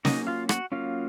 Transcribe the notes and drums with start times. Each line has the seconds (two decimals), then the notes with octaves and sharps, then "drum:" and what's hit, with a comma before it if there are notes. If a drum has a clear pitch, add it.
0.05 F#3 A#3 C#4 D#4 D#5, drum: snare
0.27 F4 F5
0.49 F#4 F#5, drum: rim click
0.72 F#3 A#3 C#4 F4 F5